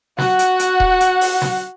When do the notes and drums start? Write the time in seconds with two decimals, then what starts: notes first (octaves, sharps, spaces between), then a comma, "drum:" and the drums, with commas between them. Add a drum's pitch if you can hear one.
0.18 F#4 F#5, drum: snare
0.39 drum: hi-hat
0.59 drum: hi-hat
0.80 drum: kick D#1
1.00 drum: hi-hat
1.21 drum: open hi-hat
1.42 drum: snare